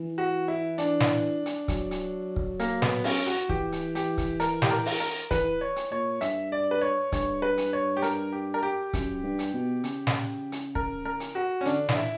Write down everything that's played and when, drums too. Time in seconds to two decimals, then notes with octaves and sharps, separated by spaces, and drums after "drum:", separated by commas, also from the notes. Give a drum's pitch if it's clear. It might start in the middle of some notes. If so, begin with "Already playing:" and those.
Already playing: E3
0.18 F#4
0.48 E4
0.78 D4, drum: hi-hat
1.00 drum: snare
1.46 drum: hi-hat
1.68 F#3, drum: kick, hi-hat
1.91 drum: hi-hat
2.36 drum: kick
2.60 A#3, drum: hi-hat
2.82 B3, drum: snare
3.04 C#4, drum: open hi-hat
3.26 F#4, drum: hi-hat
3.49 E3 G4, drum: kick
3.72 drum: hi-hat
3.95 G4, drum: hi-hat
4.18 drum: kick, hi-hat
4.40 A#4, drum: hi-hat
4.62 G4, drum: snare
4.71 A#4
4.86 drum: open hi-hat
5.00 A#4
5.31 E3 B4, drum: kick, hi-hat
5.61 C#5
5.76 drum: hi-hat
5.91 A#2 C#5
6.21 G2 E5, drum: hi-hat
6.52 D5
6.71 B4
6.81 C#5
7.12 G2 C#5, drum: kick, hi-hat
7.42 B4
7.57 drum: hi-hat
7.73 C#5
7.97 G4
8.02 A#4, drum: hi-hat
8.32 G4
8.54 A#4
8.63 G4
8.93 F#2, drum: kick, hi-hat
9.23 G2
9.39 drum: hi-hat
9.54 B2
9.84 C#3, drum: hi-hat
10.07 drum: snare
10.52 drum: hi-hat
10.75 A#4, drum: kick
11.05 A#4
11.20 drum: hi-hat
11.35 F#4
11.61 C#4
11.65 D3 D4, drum: hi-hat
11.89 E3, drum: snare
11.96 E4